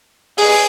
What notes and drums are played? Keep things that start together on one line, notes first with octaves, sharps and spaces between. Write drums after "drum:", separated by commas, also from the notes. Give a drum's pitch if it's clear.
G#4, drum: open hi-hat